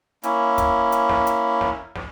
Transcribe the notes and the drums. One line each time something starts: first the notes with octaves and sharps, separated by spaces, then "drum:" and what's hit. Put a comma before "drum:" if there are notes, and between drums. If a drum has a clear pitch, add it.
A#3 C#4 E4, drum: hi-hat
drum: kick, hi-hat
drum: hi-hat
drum: snare
drum: hi-hat
drum: snare
drum: snare